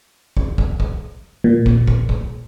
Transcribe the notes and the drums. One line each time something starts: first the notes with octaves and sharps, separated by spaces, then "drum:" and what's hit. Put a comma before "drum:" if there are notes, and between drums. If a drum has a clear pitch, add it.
drum: kick
drum: kick
drum: kick
A#2
drum: kick
drum: kick
drum: kick